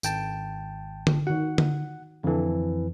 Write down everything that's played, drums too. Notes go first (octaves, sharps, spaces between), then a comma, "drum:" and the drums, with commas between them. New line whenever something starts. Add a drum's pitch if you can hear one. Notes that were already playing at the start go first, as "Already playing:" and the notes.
G#1 G5 A5, drum: tambourine
drum: tom D3
D#3 F#4 F#5
drum: tom D3
F2 D3 E3 A4